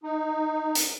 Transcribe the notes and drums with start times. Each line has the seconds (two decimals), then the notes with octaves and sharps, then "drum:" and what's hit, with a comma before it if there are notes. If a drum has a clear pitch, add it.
0.03 D#4
0.75 drum: hi-hat